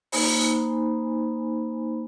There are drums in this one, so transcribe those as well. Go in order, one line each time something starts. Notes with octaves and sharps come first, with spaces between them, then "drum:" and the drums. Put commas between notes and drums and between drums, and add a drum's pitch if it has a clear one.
A#3 D#4 C5 G#5 B5, drum: open hi-hat